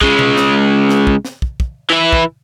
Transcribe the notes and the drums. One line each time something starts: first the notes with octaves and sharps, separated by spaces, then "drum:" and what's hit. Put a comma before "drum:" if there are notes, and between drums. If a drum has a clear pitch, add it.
C#3 G#3, drum: kick
drum: tom B2
drum: snare
drum: snare
drum: kick
drum: snare
drum: kick
drum: kick
E3 E4
drum: kick